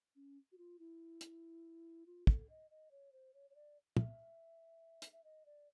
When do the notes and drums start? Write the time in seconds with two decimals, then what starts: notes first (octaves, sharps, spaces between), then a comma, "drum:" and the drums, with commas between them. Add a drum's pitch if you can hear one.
0.16 C#4
0.52 F#4
0.58 F4
0.79 E4
1.21 drum: hi-hat
2.07 F4
2.27 A4, drum: kick
2.50 D#5
2.71 D#5
2.91 C#5
3.13 C5
3.34 C#5
3.50 C#5
3.55 D5
3.97 E5, drum: tom
5.02 drum: hi-hat
5.13 E5
5.24 D#5
5.46 D5